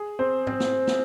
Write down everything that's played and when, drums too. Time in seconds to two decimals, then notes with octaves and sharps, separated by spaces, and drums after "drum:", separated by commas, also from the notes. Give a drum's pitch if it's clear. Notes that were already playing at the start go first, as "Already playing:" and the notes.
Already playing: G#4
0.19 C4 C5
0.47 C4 C5, drum: tom G#2
0.60 drum: snare
0.87 drum: snare